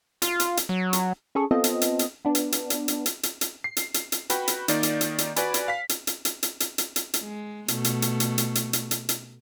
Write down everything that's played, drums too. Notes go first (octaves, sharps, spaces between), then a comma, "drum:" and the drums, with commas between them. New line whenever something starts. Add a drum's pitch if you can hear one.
F4, drum: hi-hat
drum: hi-hat
drum: hi-hat
F#3
drum: hi-hat
C#4 G#4 A4 C#6
B3 C4 F4 A4 D#5
drum: hi-hat
drum: hi-hat
drum: hi-hat
B3 D4
drum: hi-hat
drum: hi-hat
drum: hi-hat
drum: hi-hat
drum: hi-hat
drum: hi-hat
drum: hi-hat
C7
drum: hi-hat
drum: hi-hat
drum: hi-hat
F#4 B4 G5 B5, drum: hi-hat
drum: hi-hat
D#3 A#3 D#4 D5, drum: hi-hat
drum: hi-hat
drum: hi-hat
drum: hi-hat
F#4 B4 D5 G#5 B5, drum: hi-hat
drum: hi-hat
F5 B6
drum: hi-hat
drum: hi-hat
drum: hi-hat
drum: hi-hat
drum: hi-hat
drum: hi-hat
drum: hi-hat
drum: hi-hat
G#3
B2 A3, drum: hi-hat
drum: hi-hat
drum: hi-hat
drum: hi-hat
drum: hi-hat
drum: hi-hat
drum: hi-hat
drum: hi-hat
drum: hi-hat